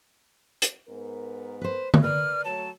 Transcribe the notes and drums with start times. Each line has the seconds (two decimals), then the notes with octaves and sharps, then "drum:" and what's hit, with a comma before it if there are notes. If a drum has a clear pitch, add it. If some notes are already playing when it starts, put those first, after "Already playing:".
0.62 drum: hi-hat
0.88 G#2 B3 A#4
1.62 B4 C5
1.94 drum: tom D3
2.03 A#4 B4 D5 F6
2.45 F#3 A3 C#5 A5